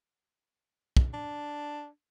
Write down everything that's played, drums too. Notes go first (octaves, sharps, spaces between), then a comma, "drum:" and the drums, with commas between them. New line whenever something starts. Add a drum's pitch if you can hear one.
drum: kick
D4